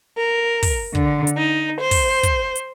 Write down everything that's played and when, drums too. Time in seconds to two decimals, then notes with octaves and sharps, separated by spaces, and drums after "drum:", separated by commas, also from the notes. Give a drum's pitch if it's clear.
0.16 A#4
0.63 drum: kick, open hi-hat
0.95 D3, drum: kick
1.27 drum: hi-hat
1.36 D#4
1.79 C5
1.91 drum: kick, open hi-hat
2.23 drum: kick, hi-hat
2.55 drum: hi-hat